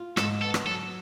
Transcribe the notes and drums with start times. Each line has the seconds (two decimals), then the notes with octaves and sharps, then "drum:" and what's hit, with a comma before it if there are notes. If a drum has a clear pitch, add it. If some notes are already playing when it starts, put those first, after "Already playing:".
Already playing: F4
0.17 G#2 A4, drum: rim click
0.42 B3 A4
0.54 drum: rim click
0.66 F#3 A4